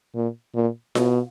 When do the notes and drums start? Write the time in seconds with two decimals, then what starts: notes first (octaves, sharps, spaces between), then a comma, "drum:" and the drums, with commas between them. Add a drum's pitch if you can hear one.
0.15 A#2
0.55 A#2
0.95 B2, drum: snare F4